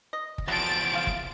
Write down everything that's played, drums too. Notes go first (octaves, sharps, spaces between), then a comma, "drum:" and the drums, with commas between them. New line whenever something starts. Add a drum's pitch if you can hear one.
D#5
drum: kick
E2 F3 F#3 A4 A6 D7
G#3 F4 F5
drum: kick